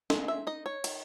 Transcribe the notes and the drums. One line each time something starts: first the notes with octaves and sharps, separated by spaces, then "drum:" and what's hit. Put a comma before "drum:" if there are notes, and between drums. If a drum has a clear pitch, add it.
G#3 D#5, drum: snare
E5
D#4 D#5
C#5
D#3, drum: cymbal